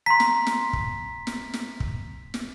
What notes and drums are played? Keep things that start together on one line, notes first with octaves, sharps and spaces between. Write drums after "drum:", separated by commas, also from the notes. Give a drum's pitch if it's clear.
A#5 C6 B6
drum: snare
drum: snare
drum: kick
drum: snare
drum: snare
drum: kick
drum: snare